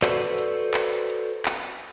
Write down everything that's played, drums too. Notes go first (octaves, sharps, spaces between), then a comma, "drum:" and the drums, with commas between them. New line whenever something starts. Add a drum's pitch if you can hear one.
F#4 A4 B4 C5 D5, drum: clap
drum: hi-hat
drum: clap
drum: hi-hat
drum: clap